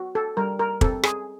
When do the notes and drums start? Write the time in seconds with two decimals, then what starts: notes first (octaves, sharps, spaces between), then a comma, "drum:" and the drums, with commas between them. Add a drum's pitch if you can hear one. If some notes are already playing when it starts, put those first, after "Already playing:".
Already playing: F#4
0.15 A4
0.37 G3 A#4
0.59 A#4
0.81 C4 A4, drum: kick
1.03 G#4, drum: rim click